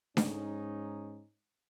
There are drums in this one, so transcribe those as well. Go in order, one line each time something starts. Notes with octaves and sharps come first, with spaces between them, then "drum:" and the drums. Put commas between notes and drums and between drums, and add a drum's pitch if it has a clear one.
G#2 C#4 D#4, drum: snare D4